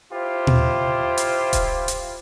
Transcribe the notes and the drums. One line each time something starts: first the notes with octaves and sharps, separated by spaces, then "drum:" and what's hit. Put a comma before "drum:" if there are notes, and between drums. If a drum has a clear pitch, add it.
E4 F4 G4 C5
drum: tom A#2
drum: hi-hat
drum: kick D#1, hi-hat
drum: hi-hat